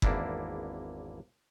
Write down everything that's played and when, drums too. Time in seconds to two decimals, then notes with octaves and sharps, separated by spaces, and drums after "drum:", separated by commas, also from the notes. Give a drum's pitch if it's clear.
0.02 G#1 E2 A#3 D4 E4, drum: kick F#1